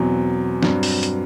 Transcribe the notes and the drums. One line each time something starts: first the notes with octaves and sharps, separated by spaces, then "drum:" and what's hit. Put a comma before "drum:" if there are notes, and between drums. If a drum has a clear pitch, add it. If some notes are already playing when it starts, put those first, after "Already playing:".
Already playing: E2 B2 F#3 C4
G2 F#3 C4, drum: snare
drum: open hi-hat
drum: hi-hat